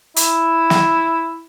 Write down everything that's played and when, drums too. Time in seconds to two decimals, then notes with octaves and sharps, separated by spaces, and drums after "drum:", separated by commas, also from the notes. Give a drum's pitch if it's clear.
0.16 E4, drum: hi-hat
0.70 drum: snare